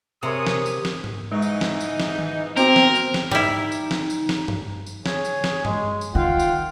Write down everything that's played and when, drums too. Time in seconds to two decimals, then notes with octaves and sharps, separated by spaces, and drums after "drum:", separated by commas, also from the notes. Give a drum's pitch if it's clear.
0.23 C3 G#4 A#4 C#5 C6 D#6
0.47 drum: snare
0.66 drum: tambourine
0.85 drum: snare
1.04 drum: tom G#2
1.32 G#2 E3 G#3 D#4 C#6
1.42 drum: tambourine
1.61 drum: snare
1.80 drum: tambourine
2.00 drum: snare
2.19 drum: tom D#3
2.57 B3 C4 F#4 A#4, drum: tambourine
2.76 drum: snare
2.95 drum: tambourine
3.14 drum: snare
3.31 G3 D#4 E4, drum: tom G#2
3.72 drum: tambourine
3.91 drum: snare
4.10 drum: tambourine
4.29 drum: snare
4.48 drum: tom G2
4.86 drum: tambourine
5.06 G#4 C#5, drum: snare
5.25 drum: tambourine
5.44 drum: snare
5.65 G#3, drum: tom G2
6.01 drum: tambourine
6.15 D#3 F4 F#5 G5
6.39 drum: tambourine